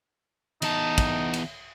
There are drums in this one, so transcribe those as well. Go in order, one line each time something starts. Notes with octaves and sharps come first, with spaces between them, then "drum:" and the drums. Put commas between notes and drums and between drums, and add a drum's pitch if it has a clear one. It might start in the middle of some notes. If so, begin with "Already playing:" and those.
E2 D#4 A5, drum: cymbal
drum: kick, cymbal
drum: cymbal